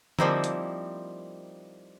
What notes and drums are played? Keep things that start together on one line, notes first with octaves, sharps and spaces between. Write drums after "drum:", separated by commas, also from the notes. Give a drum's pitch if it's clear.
F3 G3 A#3 C4 D#4 E4, drum: tom D3
drum: hi-hat